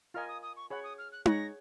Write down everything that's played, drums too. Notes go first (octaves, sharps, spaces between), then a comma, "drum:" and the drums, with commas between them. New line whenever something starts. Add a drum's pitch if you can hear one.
F4 A#4 D#5 G#5 F6
D#6
D#6
C#6
G#4 C#5 F#5 B5
D#6
F6
F#6
G#4 C#5 F#5 A#6, drum: tom D#4